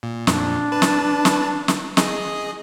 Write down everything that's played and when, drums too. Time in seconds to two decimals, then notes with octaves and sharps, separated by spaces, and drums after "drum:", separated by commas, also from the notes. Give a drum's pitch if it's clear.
0.03 A#2
0.27 F2 A#2 D4, drum: snare
0.72 B4 A5
0.82 drum: snare
1.25 drum: snare
1.68 drum: snare
1.97 G#4 D#5, drum: snare